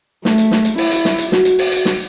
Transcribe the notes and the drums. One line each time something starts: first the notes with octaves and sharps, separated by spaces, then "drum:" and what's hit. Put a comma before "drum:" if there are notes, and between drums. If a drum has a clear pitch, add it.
A3, drum: snare
drum: hi-hat
drum: snare
drum: hi-hat
E4, drum: open hi-hat
drum: hi-hat
drum: snare
drum: hi-hat
F#4, drum: snare
drum: hi-hat
drum: open hi-hat
drum: hi-hat
drum: snare